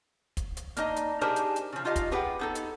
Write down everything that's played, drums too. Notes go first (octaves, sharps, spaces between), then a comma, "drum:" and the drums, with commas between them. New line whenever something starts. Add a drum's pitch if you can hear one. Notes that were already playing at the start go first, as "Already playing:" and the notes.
drum: kick, hi-hat
drum: hi-hat
A#3 D4 D#4 D#5, drum: hi-hat
drum: hi-hat
D4 D#4 G4 G#4 A#4 C5
drum: hi-hat
drum: hi-hat
C#3 F3
D#4 F4 G4 D#5 F5
drum: kick, hi-hat
G4 G#4 B4 F#5 G5
B3 D#4 A4
drum: hi-hat